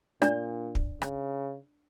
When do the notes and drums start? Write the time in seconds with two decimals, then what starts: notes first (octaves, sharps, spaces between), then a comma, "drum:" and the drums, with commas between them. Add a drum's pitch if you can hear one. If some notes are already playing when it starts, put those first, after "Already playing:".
0.22 A#2 D4 D5, drum: rim click
0.75 drum: kick
1.02 C#3, drum: rim click